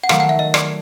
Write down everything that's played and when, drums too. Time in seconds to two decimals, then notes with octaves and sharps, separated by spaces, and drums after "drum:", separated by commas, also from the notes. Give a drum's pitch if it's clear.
0.04 F#5
0.09 D#3 F#3 A3 F5, drum: rim click
0.20 F#5
0.29 E5
0.39 D#5
0.54 D5, drum: rim click